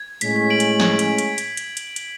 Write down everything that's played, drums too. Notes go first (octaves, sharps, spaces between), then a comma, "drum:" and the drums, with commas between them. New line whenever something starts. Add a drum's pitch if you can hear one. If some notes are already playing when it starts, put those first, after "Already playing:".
Already playing: G#6
A2 G#3 C#4 B6, drum: hi-hat
B6
D7 F#7
drum: hi-hat
G#6, drum: snare
drum: hi-hat
drum: hi-hat
drum: hi-hat
drum: hi-hat
drum: hi-hat
drum: hi-hat